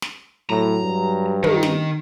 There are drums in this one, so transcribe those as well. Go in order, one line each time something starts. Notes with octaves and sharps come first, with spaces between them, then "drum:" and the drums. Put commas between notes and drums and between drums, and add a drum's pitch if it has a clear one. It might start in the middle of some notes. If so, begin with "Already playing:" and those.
drum: snare
A2 F#3 A#5
G2
D#3, drum: tom
drum: snare